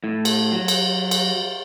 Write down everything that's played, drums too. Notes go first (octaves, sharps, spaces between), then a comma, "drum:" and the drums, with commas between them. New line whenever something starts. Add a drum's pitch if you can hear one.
A2
drum: cymbal
F#3
drum: cymbal
drum: cymbal